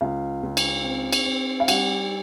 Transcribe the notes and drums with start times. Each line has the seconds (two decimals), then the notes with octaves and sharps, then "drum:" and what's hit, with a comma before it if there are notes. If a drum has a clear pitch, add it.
0.01 C#2 F5
0.43 C#2
0.57 drum: cymbal
0.84 C4
1.13 drum: cymbal
1.26 C4
1.60 F5
1.68 G3 F#5, drum: cymbal